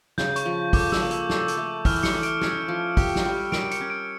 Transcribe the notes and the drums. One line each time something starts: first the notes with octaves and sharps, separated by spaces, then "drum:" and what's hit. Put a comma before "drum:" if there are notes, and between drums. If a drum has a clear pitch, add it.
C#3 G6, drum: snare
C#6, drum: hi-hat
F3
A4 D6, drum: kick, open hi-hat
E6, drum: snare
A#3
E6, drum: hi-hat
A4, drum: snare
drum: hi-hat
A3
E3 F6, drum: kick, open hi-hat
C#7, drum: snare
A3
D7, drum: hi-hat
C#4, drum: snare
F3
G4, drum: kick, open hi-hat
drum: snare
G3
A#4 D7, drum: snare
C#7, drum: hi-hat
C#4
D7